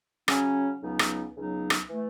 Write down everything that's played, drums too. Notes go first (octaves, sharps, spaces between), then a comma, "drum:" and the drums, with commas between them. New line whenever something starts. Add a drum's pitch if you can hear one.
C#3 F#3 C#4, drum: rim click
C#2 C#3 F#3 B3 D#4
drum: rim click
C#2 C#3 F#3 B3 D#4
drum: rim click
E3 A3